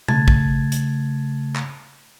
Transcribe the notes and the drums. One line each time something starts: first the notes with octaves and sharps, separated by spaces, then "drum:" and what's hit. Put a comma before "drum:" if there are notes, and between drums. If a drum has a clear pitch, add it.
C#3 A3 A5 G#6 A6, drum: tom B2
drum: kick
drum: hi-hat
drum: clap